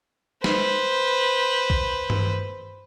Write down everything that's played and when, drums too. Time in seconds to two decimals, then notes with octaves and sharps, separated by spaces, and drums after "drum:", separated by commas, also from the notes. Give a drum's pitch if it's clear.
0.44 B4 C5, drum: snare
1.70 drum: kick B1
2.10 drum: tom G2